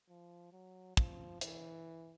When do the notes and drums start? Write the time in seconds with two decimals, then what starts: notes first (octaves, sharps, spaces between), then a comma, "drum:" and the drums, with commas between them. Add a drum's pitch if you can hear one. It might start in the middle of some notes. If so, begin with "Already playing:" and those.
0.09 F3
0.53 F#3
0.97 F3, drum: kick
1.41 E3, drum: hi-hat